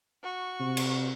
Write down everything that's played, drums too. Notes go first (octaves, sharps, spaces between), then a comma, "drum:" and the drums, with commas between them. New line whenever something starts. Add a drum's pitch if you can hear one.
F#4 C#6
C3
drum: cymbal